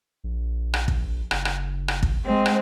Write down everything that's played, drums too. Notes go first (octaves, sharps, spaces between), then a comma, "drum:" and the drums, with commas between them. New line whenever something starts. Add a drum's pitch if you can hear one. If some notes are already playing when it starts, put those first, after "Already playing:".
A#1
drum: rim click
drum: kick
F#1, drum: rim click
drum: rim click
drum: rim click
drum: kick
G#3 C4
drum: rim click